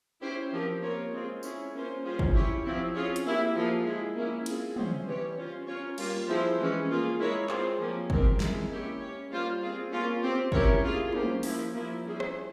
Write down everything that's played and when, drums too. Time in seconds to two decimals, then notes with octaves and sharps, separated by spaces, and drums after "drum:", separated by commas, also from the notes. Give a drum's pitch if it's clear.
0.22 C#4 E4 G4 C5
0.52 F3 C4 G4 A#4
0.82 A#3 F4 A#4 C#5
1.13 G#3 C4 F4 G#4
1.43 C#4 E4 G#4 C#5, drum: tambourine
1.73 A#3 C#4 F4 C5
2.03 G3 C#4 F4 G#4 C5
2.19 drum: kick
2.34 C#4 E4 G4 C#5
2.65 F3 C4 E4
2.94 C#4 F4 G#4 C#5
3.16 drum: hi-hat
3.25 A#3 E4 G4
3.55 F3 A#3 F4 G#4
3.86 G#3 E4 G#4
4.16 A#3 C#4 E4
4.46 C4 F4 G#4, drum: cymbal
4.76 C#4 E4 G#4 C5, drum: tom
5.06 E3 G3 C#4 G4 C#5
5.37 C#4 F4 C5
5.67 C#4 F4 A#4 C#5
5.98 G3 A#3 F4, drum: cymbal
6.28 F3 C4 E4 G#4 C5
6.58 E3 G#3 C#4
6.89 A#3 F4 G#4
7.19 G#3 E4 A#4 C#5
7.49 C4 F4 G#4 C5, drum: clap
7.79 F3 A#3 C#4 G4
8.10 G#3 C4 G4 A#4, drum: kick
8.40 G#3 E4 A#4, drum: snare
8.70 A#3 C#4 E4 G4 C#5
9.00 C#4 G4 C#5
9.31 G3 A#3 F4 C5
9.61 C4 F4 G#4
9.92 A#3 C#4 F4
10.22 C4 G4 C5
10.52 C#4 E4 G4 A#4 C#5, drum: kick
10.82 A#3 F4 G#4
11.12 A#3 C#4 G4 C5, drum: tom
11.43 F3 A#3 E4, drum: open hi-hat
11.74 F3 A#3 E4
12.04 G3 C#4 E4 G#4 C5
12.20 drum: rim click